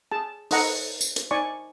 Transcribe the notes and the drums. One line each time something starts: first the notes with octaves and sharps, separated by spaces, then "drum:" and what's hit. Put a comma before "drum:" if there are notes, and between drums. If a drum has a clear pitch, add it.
G#4 A5
D#4 A4 D#5 F#5 A#5, drum: open hi-hat
drum: tambourine
drum: hi-hat
D#4 C5 D5 G#5 C#6